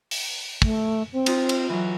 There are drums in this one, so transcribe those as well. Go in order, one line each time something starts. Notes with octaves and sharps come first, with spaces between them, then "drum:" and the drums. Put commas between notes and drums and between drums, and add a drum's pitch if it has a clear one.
drum: open hi-hat
A3, drum: kick
C4
D#4 F4, drum: cymbal
drum: cymbal
E3 F#3